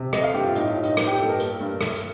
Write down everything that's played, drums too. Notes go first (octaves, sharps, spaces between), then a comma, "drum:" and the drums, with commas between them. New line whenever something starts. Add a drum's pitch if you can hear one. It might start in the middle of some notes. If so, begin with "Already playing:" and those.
Already playing: C3
A3 D#5, drum: rim click
F5
G2 G4
F4
A2 D#4, drum: hi-hat
A2
D#4, drum: hi-hat
A#3 D#4, drum: rim click
G4
G2 A4
A#4
A#3, drum: hi-hat
G2
A3, drum: rim click
drum: hi-hat